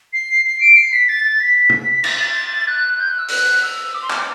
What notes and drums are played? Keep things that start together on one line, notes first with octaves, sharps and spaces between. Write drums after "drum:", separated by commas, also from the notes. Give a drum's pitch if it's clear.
C7
C7
D7
C7
B6
A6
A6
B6
drum: tom
B6
A6, drum: cymbal
A6
F#6
G6
F#6
E6
F#6, drum: open hi-hat
E6
D6
C6
D6, drum: clap